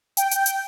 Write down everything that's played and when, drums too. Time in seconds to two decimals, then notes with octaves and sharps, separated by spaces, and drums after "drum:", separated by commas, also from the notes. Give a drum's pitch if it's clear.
0.17 G5, drum: hi-hat
0.31 drum: hi-hat
0.46 drum: hi-hat